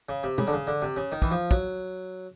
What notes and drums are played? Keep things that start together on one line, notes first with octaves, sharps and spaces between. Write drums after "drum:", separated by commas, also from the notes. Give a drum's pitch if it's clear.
C#3
C3
C#3, drum: tom
D3
C#3
D3
C3
C#3
D#3
E3, drum: kick
F3
F#3, drum: kick